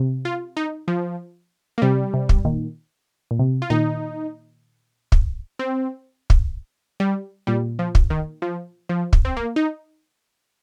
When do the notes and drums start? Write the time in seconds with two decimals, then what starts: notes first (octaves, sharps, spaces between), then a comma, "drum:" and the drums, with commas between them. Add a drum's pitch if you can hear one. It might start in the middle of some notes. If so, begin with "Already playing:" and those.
Already playing: C3
0.25 F4
0.57 D#4
0.88 F3
1.78 A#3
1.82 C3 G3
2.14 C3
2.29 drum: kick
2.45 A#2 D#3
3.31 A#2
3.39 C3
3.62 F4
3.70 A#2 D#3 D#4
5.12 drum: kick
5.59 C4
6.30 drum: kick
7.00 G3
7.47 A#2 G3
7.79 F3
7.95 drum: kick
8.10 D#3
8.42 F3
8.89 F3
9.13 drum: kick
9.25 C4
9.37 A#3
9.56 D#4